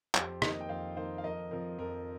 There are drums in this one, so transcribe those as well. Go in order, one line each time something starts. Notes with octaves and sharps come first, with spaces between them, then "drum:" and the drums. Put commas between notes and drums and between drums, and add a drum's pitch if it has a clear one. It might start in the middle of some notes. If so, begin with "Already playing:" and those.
F2 G4 C5, drum: clap
D#3 A#3 A#4 D#5, drum: rim click
G5
F2 C5 F5
D#3 A#3 C5 F5
F5
F2 A#4 D#5
F3 C4 A#4
F2 A#4